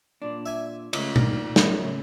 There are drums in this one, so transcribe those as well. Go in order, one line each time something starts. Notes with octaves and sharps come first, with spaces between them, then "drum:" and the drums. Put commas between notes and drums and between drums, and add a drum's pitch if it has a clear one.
A#2 D4
E5 G#5
C#2 A3, drum: cymbal
A#2 D#3 A#4, drum: tom
F#2 G#3 D4 A4, drum: snare
A2 C#3